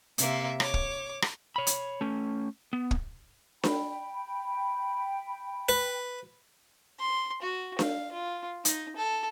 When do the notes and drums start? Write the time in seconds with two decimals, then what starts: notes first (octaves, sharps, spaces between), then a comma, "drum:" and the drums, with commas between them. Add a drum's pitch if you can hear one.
0.18 C3 A#3 E5, drum: hi-hat
0.60 C#5 D6, drum: rim click
0.74 drum: kick
1.22 drum: rim click
1.56 C#5 B5
1.67 drum: hi-hat
2.01 A3 C#4
2.73 B3
2.91 drum: kick
3.63 G5 B5, drum: snare D4
5.69 B4
6.99 C6
7.42 F#4
7.79 F5, drum: snare D4
8.12 F4
8.65 D#4, drum: hi-hat
8.97 A4